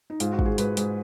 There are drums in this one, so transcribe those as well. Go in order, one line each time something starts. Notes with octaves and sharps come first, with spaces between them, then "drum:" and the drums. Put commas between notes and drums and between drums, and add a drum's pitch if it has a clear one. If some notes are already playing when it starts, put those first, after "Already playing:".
D#4
G#2 F4, drum: hi-hat
F#4
G#2, drum: kick
G#4
G#2 B4, drum: hi-hat
G#2, drum: hi-hat